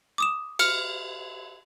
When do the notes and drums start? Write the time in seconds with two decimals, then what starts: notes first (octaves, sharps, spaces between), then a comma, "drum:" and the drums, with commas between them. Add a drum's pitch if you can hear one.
0.18 D6 D#6 E7
0.59 F6 C#7, drum: cymbal